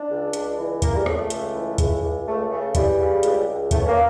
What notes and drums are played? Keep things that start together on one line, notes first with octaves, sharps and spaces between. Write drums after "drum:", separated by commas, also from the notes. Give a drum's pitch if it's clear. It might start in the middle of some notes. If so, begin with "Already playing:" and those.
Already playing: D4
C#2
C#2, drum: hi-hat
E3
C#2 A#3, drum: kick, hi-hat
G3
C#2 A3, drum: rim click
A3
C#2, drum: hi-hat
E3
C#2, drum: kick, hi-hat
C#2
C#2 A3
C#3 A3
E3 G3, drum: kick, hi-hat
C#3
C#2, drum: hi-hat
C#2
E2 A3, drum: kick, hi-hat
C#4
A#3